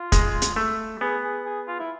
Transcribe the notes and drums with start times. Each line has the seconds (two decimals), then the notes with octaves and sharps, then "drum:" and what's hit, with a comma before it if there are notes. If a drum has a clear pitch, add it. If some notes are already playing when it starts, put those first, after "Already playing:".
Already playing: F4
0.12 G#3, drum: kick, hi-hat
0.42 drum: hi-hat
0.56 A3
1.01 B3 G#4
1.23 G#4
1.45 G#4
1.68 F4
1.79 E4